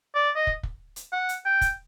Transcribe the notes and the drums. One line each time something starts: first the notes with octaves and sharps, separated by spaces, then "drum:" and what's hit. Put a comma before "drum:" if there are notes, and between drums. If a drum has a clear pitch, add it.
D5
D#5
drum: kick
drum: kick
drum: hi-hat
F#5
drum: hi-hat
G5
drum: kick, hi-hat